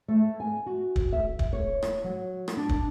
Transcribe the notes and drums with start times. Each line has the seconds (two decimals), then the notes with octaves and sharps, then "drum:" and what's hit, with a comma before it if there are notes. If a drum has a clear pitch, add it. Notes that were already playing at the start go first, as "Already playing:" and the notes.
0.08 A3
0.40 G#5
0.66 F#4
0.96 drum: kick
1.12 E5
1.39 drum: kick
1.53 C#5
1.83 drum: rim click
2.04 F#3
2.48 drum: rim click
2.57 D4
2.69 drum: kick